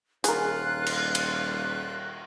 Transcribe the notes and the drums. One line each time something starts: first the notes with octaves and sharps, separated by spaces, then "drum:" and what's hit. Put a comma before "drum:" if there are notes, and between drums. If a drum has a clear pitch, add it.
D#1 F4 G#4 A#4 F#6, drum: hi-hat
drum: cymbal
drum: cymbal